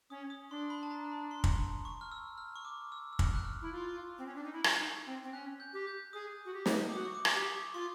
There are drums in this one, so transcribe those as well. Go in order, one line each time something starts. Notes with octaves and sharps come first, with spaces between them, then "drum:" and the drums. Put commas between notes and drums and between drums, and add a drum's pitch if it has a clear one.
C#4 D#6
D#6
D4 C6
B5
A5
A#5
B5
C6
drum: kick
C#6
F6
E6
F6
C#6
D6
E6
E6
F6, drum: kick
F#6
F6
E4
F4
C4
C#4
D4
D#4
E4
drum: rim click
D#4
C4
C4
C#4 F#6
G6
G4
G6
G#4 D#6
F#4
G4
drum: snare
D6
F#4 D#6
C#6
D6
drum: rim click
G4 D6
C#6
F4 C6